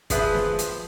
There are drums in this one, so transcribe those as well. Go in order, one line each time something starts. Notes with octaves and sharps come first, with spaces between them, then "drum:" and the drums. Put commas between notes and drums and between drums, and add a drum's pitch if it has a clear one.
F3 G#4 B4 E5, drum: kick, hi-hat
drum: snare
drum: hi-hat